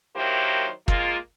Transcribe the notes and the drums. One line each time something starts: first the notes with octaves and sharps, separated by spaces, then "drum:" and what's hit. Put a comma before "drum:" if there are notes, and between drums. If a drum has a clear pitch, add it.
D#3 F#3 A#3 E4 G4 C5
G#3 A#3 F4, drum: kick